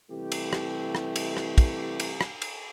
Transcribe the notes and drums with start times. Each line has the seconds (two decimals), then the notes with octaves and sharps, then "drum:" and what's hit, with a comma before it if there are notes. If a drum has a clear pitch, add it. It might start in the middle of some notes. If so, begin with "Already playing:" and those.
0.11 C3 E3 G3 A3 G4
0.32 drum: cymbal
0.53 drum: rim click
0.95 drum: rim click
1.16 drum: cymbal
1.37 drum: rim click
1.58 drum: kick, cymbal
2.00 drum: cymbal
2.21 drum: rim click
2.42 drum: cymbal